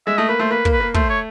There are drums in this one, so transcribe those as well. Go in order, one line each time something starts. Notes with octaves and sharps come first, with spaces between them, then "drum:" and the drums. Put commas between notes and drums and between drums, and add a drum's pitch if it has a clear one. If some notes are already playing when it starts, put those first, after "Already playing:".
G#3 E5
A3 D#5
A#3 B4
A3 C5
A#3 B4
A#3, drum: kick
B4
A#3
A3 C5, drum: kick
C#5